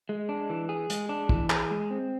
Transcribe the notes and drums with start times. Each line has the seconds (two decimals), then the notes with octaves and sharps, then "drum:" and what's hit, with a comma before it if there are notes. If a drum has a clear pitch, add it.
0.09 G#3
0.29 D4
0.50 E3
0.69 G#4
0.90 G#3, drum: hi-hat
1.09 D4
1.29 E3, drum: kick
1.50 G#4, drum: clap
1.71 G#3
1.90 C4